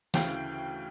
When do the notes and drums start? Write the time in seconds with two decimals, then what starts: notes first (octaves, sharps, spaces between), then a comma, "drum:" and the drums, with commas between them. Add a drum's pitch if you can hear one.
0.14 D2 C#3 E3 F5 G5, drum: snare